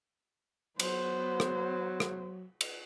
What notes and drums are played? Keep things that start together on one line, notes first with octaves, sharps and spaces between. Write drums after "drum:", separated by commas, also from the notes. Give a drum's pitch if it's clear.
F#3 B3 C5, drum: cymbal
drum: rim click
drum: rim click
drum: cymbal